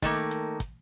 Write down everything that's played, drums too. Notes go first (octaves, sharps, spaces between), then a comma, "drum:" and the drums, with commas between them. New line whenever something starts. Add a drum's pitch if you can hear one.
D#3 A3 A#3, drum: kick, hi-hat
drum: hi-hat
drum: kick, hi-hat